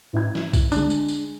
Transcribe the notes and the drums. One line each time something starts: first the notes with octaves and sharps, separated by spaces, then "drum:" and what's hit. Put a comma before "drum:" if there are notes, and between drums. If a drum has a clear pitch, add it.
A1 E4 G#6
drum: snare
drum: kick A#1, tambourine
D3 G#3 D4, drum: tambourine
drum: tambourine
drum: tambourine